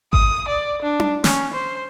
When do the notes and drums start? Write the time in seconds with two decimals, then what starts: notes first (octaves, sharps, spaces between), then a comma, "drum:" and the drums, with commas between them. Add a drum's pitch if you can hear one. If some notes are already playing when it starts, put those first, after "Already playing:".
0.13 D#6, drum: kick G#1
0.48 D5
0.82 D4
1.00 drum: tom D4
1.24 C#4, drum: snare
1.54 C5